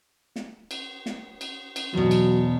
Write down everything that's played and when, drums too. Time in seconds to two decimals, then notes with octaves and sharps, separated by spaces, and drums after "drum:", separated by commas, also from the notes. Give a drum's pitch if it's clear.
0.36 drum: snare
0.71 drum: cymbal
1.06 drum: snare
1.41 drum: cymbal
1.76 drum: cymbal
1.93 E2 B2 F#3
2.11 drum: cymbal